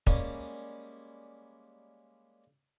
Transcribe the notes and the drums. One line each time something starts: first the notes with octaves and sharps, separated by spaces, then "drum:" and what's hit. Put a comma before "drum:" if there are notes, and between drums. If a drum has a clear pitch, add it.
G3 G#3 A#3 C#4, drum: kick